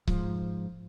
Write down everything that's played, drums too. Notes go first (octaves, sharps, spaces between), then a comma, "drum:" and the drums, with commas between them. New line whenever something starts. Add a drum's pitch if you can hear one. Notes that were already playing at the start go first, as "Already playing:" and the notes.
G#2 F3, drum: kick C#1